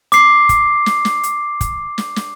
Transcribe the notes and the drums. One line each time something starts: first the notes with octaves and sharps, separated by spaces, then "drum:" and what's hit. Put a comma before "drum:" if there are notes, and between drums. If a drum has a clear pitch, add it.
D6 C7, drum: hi-hat
drum: kick, hi-hat
drum: snare
drum: snare
drum: hi-hat
drum: kick, hi-hat
drum: snare
drum: snare